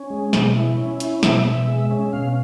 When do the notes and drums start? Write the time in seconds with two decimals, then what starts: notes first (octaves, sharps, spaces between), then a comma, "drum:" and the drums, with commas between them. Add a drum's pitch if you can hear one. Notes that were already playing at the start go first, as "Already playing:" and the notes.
Already playing: C#4
0.10 G#3
0.33 B2, drum: snare
0.55 E4
0.78 C#4
1.00 E4, drum: hi-hat
1.23 B2 E5, drum: snare
1.46 B2
1.68 G#3
1.91 C#4
2.13 B2 F5